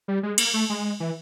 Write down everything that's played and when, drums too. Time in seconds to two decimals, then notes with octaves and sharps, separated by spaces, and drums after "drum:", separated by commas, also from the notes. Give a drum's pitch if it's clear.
0.08 G3
0.23 G#3
0.38 A#3, drum: cymbal
0.54 A3
0.70 G#3
1.00 E3